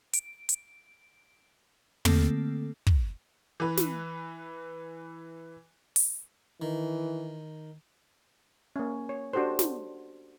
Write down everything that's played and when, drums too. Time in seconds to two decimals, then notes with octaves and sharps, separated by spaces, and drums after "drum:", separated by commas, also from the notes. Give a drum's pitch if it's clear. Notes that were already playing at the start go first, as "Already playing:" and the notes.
0.13 D7, drum: hi-hat
0.49 drum: hi-hat
2.05 D3 A3 A#3 C4 A4, drum: tom
2.87 drum: kick
3.60 E3 B4
3.77 drum: snare
5.96 drum: open hi-hat
6.62 D#3 E3
8.76 A#3 C#4
9.09 C#5
9.33 D4 F#4 G4 A4 C5
9.59 drum: snare